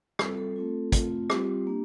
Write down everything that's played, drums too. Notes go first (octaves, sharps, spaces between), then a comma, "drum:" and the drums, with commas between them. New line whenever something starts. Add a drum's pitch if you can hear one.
G3 C4 F4 A4, drum: rim click
A4
A3 C4 F4
A3 C4 F4, drum: kick, hi-hat
G3 C4 F4 G4, drum: rim click
A#3 D4